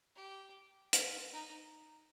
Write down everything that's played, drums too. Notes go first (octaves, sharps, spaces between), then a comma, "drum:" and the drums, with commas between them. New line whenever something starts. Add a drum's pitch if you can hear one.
G4
drum: hi-hat
D#4